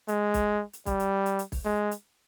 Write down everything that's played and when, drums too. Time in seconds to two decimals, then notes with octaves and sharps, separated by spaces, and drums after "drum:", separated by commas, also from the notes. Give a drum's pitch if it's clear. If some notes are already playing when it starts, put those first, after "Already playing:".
0.08 G#3, drum: hi-hat
0.34 drum: kick, hi-hat
0.73 drum: hi-hat
0.86 G3, drum: kick, hi-hat
1.00 drum: hi-hat
1.26 drum: hi-hat
1.39 drum: hi-hat
1.52 drum: kick, open hi-hat
1.65 G#3
1.91 drum: hi-hat